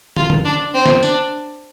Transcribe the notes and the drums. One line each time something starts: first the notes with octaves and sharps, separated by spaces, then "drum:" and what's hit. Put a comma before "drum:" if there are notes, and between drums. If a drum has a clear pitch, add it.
F4, drum: tom
drum: tom
D4
C4
drum: snare
D4, drum: tambourine